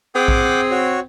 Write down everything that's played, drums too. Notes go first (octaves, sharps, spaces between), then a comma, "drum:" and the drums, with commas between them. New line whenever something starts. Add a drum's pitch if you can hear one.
C4 G#4 F#5 G5 D6
drum: kick A#1
F#4 C#5